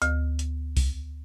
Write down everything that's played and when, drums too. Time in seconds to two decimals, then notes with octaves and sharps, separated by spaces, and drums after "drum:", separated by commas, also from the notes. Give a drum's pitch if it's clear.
0.02 D2, drum: hi-hat
0.39 drum: hi-hat
0.77 drum: kick C2, open hi-hat